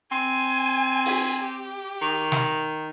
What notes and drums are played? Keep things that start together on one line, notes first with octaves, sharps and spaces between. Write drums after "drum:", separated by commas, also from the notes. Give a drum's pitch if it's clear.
C4 G#5
drum: open hi-hat
G4
D#3
drum: snare